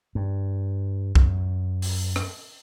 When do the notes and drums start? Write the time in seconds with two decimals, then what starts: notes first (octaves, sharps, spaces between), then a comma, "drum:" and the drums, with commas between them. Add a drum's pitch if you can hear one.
0.15 G2
1.15 F#2, drum: kick C2
1.82 drum: open hi-hat
2.16 drum: rim click